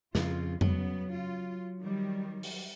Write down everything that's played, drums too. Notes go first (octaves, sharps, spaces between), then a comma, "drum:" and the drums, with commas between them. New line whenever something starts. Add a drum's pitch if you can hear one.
F2 C#3 F4, drum: snare
C#3 F#3 B3, drum: tom F2
F4
D#3 G3
drum: open hi-hat